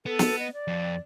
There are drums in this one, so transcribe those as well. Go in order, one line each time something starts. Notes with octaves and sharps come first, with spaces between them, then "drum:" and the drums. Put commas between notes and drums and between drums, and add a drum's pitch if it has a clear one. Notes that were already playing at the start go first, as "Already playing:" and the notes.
B3 A4
drum: snare
D#5
D5
F2